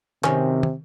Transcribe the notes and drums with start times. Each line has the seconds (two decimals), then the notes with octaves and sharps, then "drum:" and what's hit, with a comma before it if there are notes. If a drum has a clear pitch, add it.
0.24 C3 D#3 C4 C#4, drum: clap
0.63 drum: tom